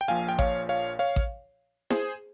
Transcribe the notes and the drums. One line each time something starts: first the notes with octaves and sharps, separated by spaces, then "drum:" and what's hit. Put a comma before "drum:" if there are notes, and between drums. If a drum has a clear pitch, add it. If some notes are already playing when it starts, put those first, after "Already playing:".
G5
A#1 A#2 F3 F5 G#5
G5
C#5 F5, drum: kick A1
C#5 F5
C#5 F5
drum: kick A1
G#4 C5, drum: snare E4